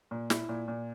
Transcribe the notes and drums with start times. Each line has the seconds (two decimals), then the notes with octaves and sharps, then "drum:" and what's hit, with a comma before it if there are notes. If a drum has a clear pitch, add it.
0.11 A#2
0.30 E4, drum: snare
0.49 A#2
0.68 A#2